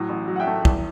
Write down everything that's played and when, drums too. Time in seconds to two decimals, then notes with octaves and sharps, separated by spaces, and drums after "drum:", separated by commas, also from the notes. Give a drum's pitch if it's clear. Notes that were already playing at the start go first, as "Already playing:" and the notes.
Already playing: A2 F#3
0.09 A1
0.28 F#3
0.36 F#5
0.40 E5 G5
0.47 A3
0.65 E2, drum: kick